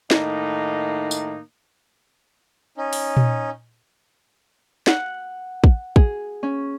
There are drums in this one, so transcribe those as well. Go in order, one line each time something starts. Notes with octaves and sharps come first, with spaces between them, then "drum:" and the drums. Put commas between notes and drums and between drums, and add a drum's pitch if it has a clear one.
A2 D#3 A#3 D#4, drum: snare
drum: tambourine
C#4 D#4
drum: open hi-hat
drum: tom A#2
F#5, drum: snare
drum: kick
G#4, drum: kick
C#4